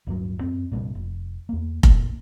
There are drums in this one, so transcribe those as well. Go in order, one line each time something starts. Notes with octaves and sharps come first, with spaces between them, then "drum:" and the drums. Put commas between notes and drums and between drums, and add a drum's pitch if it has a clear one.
D1 G2 F#3
F#2 C4
C2 G2 A#2
F1
E2 A#3
F1 A#2 A#3, drum: kick F1